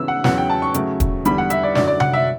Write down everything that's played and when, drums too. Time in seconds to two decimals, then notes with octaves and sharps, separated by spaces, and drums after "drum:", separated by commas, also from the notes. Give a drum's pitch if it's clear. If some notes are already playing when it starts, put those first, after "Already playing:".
Already playing: C#3 E3 B3 E6
0.08 F#5
0.24 E2 C#3 F#3 B3 F#5, drum: snare
0.38 G5
0.50 A5
0.62 C#6
0.74 C#3 F#3 A3, drum: hi-hat
1.00 drum: kick, hi-hat
1.25 E2 D3 G3 B5, drum: hi-hat
1.38 F#5
1.50 E5, drum: hi-hat
1.63 D5
1.75 F#2 D3 F#3 D5, drum: snare
1.88 D5
2.00 F#5, drum: tom C3
2.13 E5